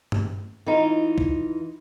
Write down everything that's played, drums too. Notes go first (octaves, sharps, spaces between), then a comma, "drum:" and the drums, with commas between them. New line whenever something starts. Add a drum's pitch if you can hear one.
drum: tom G2
E3 D#4 F4
drum: kick